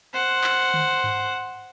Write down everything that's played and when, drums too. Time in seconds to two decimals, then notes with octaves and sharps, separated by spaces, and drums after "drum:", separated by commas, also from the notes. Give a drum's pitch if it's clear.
0.14 C5 F#5
0.44 drum: clap
0.74 drum: tom D3
1.04 drum: tom G2